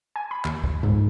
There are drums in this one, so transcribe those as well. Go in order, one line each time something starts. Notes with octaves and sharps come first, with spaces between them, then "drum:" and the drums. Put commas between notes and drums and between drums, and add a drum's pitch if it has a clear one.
G#5
B5
D#2, drum: clap
drum: kick
G#2, drum: tom A#2